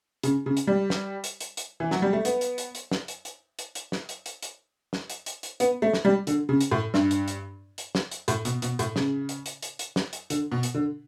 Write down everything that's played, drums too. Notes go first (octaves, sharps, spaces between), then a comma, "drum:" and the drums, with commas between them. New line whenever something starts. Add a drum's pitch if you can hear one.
C#3, drum: hi-hat
C#3
drum: hi-hat
G3
drum: snare
drum: hi-hat
drum: hi-hat
drum: hi-hat
E3
F#3, drum: snare
G3
A3
B3, drum: hi-hat
drum: hi-hat
drum: hi-hat
drum: hi-hat
drum: snare
drum: hi-hat
drum: hi-hat
drum: hi-hat
drum: hi-hat
drum: snare
drum: hi-hat
drum: hi-hat
drum: hi-hat
drum: snare
drum: hi-hat
drum: hi-hat
drum: hi-hat
B3, drum: hi-hat
A3
drum: snare
G3
D3, drum: hi-hat
C#3
drum: hi-hat
A2
G2, drum: snare
drum: hi-hat
drum: hi-hat
drum: hi-hat
drum: snare
drum: hi-hat
A2, drum: hi-hat
B2, drum: hi-hat
B2, drum: hi-hat
A2, drum: hi-hat
C#3, drum: snare
drum: hi-hat
drum: hi-hat
drum: hi-hat
drum: hi-hat
drum: snare
drum: hi-hat
D3, drum: hi-hat
B2
drum: hi-hat
D3